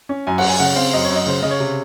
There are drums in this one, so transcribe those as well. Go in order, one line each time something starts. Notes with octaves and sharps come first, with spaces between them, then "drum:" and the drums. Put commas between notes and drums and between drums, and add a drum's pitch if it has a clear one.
C#4
F#2 G#5
F#5, drum: cymbal
F#2 G#5
C#3 F#5
C4 F5
F#2 D#5
C#5
F#2
D#5
C#3 C5
C#3 D#5
C#5
C3